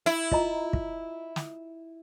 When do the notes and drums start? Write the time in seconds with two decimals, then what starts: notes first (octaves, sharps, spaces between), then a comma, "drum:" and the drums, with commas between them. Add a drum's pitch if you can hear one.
0.06 E4
0.31 F4 D#5 A#5, drum: kick
0.73 drum: kick
1.36 drum: snare